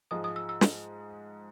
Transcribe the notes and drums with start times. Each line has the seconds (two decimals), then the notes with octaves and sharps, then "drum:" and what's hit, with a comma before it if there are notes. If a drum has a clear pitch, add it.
0.11 G#2 F3 G#3 D#6
0.24 D#6
0.36 E6
0.49 E6
0.61 drum: snare